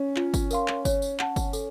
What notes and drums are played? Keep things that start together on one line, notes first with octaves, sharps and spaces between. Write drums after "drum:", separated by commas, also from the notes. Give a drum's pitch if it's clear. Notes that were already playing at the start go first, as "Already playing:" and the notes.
Already playing: C#4
F4, drum: clap
drum: kick G1, tambourine
A#4 F5 C6, drum: tambourine
drum: clap
C#5, drum: kick G1, tambourine
drum: tambourine
F#5 A5, drum: clap
drum: kick G1, tambourine
A4, drum: tambourine